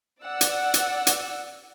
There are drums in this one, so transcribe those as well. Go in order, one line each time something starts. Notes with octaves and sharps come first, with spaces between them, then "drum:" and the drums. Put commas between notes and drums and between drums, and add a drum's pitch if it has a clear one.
D5 F#5 E6
drum: hi-hat
drum: hi-hat
drum: hi-hat